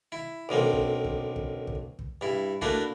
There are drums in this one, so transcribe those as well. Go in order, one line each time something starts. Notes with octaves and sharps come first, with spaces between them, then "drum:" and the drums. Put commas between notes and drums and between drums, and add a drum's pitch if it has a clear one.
E4
B1 D3 A#3 C4
drum: kick
drum: kick
drum: kick
drum: kick
drum: kick
G2 E4
A3 A#3 D4 E4 F#4, drum: kick